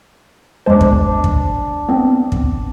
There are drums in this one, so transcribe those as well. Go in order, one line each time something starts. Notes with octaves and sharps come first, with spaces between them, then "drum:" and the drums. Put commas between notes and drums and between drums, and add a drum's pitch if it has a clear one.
E2 G#3 D4 C5 A5
drum: kick
drum: kick
B3 C4
drum: kick